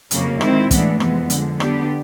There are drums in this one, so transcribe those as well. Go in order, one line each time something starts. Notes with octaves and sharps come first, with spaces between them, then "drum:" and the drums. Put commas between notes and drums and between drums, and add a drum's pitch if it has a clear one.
F2 C#3 F#3 A#3, drum: hi-hat
D#3 G#3 C4 E4, drum: rim click
A2 E3 G#3 B3 D4, drum: kick, hi-hat
F2 C3 E3 G#3 B3, drum: rim click
D3 F3 G#3, drum: hi-hat
D3 G3 B3 D4 G4, drum: rim click